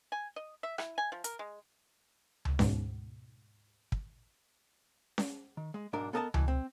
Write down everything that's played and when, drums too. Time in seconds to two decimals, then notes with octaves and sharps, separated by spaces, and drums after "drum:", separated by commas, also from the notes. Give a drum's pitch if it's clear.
0.12 G#5
0.36 D#5
0.63 E5
0.78 E4, drum: rim click
0.98 G#5
1.12 F3
1.24 A#4, drum: hi-hat
1.39 G#3
2.45 drum: tom C#2
2.59 D2 G#2 B2, drum: snare C#4
3.92 drum: kick
5.18 drum: snare C#4
5.57 D#3
5.74 G#3
5.93 B1 G#2 D4 A#4
6.13 B3 A4 A#4 D#5 G5 A5
6.34 B2 E3, drum: tom C#2
6.48 C4